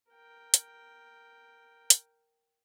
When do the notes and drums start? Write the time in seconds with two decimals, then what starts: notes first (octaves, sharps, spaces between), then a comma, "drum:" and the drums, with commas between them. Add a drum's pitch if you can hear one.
0.11 A#4 G5
0.54 drum: hi-hat
1.90 drum: hi-hat